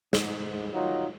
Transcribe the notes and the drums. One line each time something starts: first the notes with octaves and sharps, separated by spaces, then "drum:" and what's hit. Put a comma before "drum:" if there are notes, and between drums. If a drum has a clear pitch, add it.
G#2, drum: snare
D#3 F#3 D#4 F4